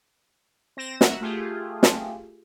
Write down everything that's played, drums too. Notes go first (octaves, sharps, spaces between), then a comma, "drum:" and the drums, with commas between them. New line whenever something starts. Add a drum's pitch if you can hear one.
C4 A#6 E7
F#4 A#4 E5 F#5, drum: snare
A3 F4 G4 G#4
drum: snare